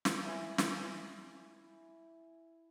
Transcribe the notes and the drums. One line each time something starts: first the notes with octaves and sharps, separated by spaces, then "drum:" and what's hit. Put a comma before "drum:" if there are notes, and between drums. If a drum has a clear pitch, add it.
drum: snare
E4 G#5
drum: snare